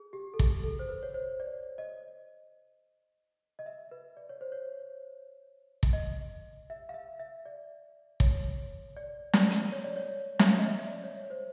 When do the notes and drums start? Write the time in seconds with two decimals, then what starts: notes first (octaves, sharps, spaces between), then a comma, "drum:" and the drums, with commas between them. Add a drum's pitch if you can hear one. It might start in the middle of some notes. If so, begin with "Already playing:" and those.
Already playing: G#4
0.13 G4
0.34 A4
0.39 G#4, drum: kick
0.64 A4
0.79 C5
0.89 B4
1.03 C#5
1.14 C5
1.40 D5
1.78 D#5
3.59 D#5
3.66 E5
3.91 B4
4.17 D5
4.29 C#5
4.41 C5
4.52 C#5
5.83 drum: kick
5.93 D#5
6.70 E5
6.89 F5
6.94 E5
7.20 E5
7.46 D5
8.20 C#5, drum: kick
8.97 D5
9.33 D5, drum: snare
9.50 drum: hi-hat
9.72 C#5
9.84 D5
9.96 C#5
10.39 E5, drum: snare
10.48 F5
10.58 D#5
10.67 E5
10.85 D5
11.04 C#5
11.24 C#5
11.30 C5